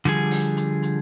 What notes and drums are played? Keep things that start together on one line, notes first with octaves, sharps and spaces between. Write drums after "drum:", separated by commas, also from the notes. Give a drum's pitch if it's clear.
D3 F3 G3 G#4, drum: hi-hat
drum: open hi-hat
drum: hi-hat
drum: hi-hat